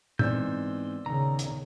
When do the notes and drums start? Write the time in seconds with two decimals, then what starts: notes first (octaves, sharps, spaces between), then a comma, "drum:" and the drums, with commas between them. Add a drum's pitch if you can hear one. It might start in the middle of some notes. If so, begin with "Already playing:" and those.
0.19 G#2 E3 B3 C4 D5 E6 G6, drum: tom
1.06 D#2 C#3 A#5
1.39 drum: hi-hat